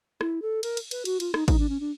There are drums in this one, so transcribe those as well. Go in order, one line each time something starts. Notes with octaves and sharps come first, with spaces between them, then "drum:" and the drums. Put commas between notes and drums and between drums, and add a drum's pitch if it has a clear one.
E4, drum: rim click
A4
A#4, drum: cymbal
drum: cymbal
B4, drum: cymbal
F#4, drum: cymbal
F4, drum: cymbal
D#4, drum: rim click
D#4, drum: kick, cymbal
D4
C#4
D4